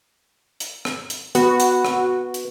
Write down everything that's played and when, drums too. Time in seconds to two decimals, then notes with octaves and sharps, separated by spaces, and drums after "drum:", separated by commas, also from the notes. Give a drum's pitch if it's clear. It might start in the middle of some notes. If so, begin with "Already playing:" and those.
0.60 drum: hi-hat
0.85 drum: rim click
1.10 drum: hi-hat
1.35 B3 F#4, drum: hi-hat
1.60 drum: hi-hat
1.85 drum: rim click
2.34 drum: hi-hat